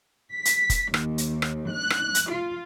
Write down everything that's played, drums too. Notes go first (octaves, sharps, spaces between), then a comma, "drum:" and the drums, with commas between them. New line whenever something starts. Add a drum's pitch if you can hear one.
B6
drum: hi-hat
drum: kick F1, hi-hat
D#2, drum: rim click
drum: hi-hat
drum: rim click
F#6
drum: rim click
drum: hi-hat
F4